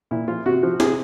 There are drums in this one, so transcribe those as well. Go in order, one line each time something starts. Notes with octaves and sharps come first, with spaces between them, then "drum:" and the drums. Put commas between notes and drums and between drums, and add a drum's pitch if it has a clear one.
A#2 E4
F3 F4
C3 F#4
F3
C3 G#4, drum: snare